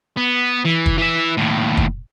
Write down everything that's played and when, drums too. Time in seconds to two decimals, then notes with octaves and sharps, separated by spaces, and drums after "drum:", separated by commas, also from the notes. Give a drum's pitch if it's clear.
0.17 B3
0.65 E3
0.86 drum: kick
0.98 E3 E5
1.37 D#2 A2
1.77 drum: kick